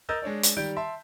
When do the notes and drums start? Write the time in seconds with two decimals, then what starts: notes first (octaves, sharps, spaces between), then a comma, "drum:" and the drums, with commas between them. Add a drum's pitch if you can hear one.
0.09 A#4 D#5 E6 G6 A6
0.22 G#3 D4 C#5 D5
0.43 drum: hi-hat
0.57 D#3 G3 G4 D5 G6 D7
0.77 E5 A5 C6